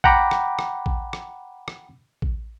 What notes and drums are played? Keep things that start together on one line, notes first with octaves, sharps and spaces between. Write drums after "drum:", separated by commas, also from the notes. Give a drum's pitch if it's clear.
F#5 G5 A#5 B5 D6, drum: kick A1
drum: rim click
drum: rim click
drum: kick A1
drum: rim click
drum: rim click
drum: kick A1